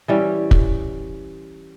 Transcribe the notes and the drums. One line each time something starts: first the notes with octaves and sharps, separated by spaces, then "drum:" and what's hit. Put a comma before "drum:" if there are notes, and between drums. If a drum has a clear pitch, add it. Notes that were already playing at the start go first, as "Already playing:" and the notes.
E3 G3 C#4
drum: kick